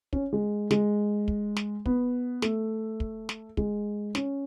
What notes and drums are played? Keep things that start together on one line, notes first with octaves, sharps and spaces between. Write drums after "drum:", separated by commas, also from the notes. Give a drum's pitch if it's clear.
C#4, drum: kick
G#3
G#3, drum: snare
drum: kick
drum: snare
B3, drum: kick
A3, drum: snare
drum: kick
drum: snare
G#3, drum: kick
C#4, drum: snare